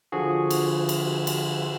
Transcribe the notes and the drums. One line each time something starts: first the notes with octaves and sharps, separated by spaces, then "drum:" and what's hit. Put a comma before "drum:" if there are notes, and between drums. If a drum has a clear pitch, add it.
D3 F3 F#4 G#4
drum: cymbal
drum: cymbal
drum: cymbal